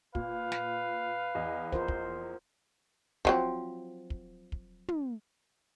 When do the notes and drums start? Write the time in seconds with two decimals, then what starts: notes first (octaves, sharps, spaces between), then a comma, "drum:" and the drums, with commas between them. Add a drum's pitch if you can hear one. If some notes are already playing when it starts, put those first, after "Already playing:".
0.15 A#2 B4 F5, drum: kick
0.52 drum: snare
1.35 E2 D#5
1.72 F4 A#4 C5, drum: kick
1.88 drum: kick
3.25 F3 F#3 C4, drum: kick
4.10 drum: kick
4.52 drum: kick
4.88 drum: tom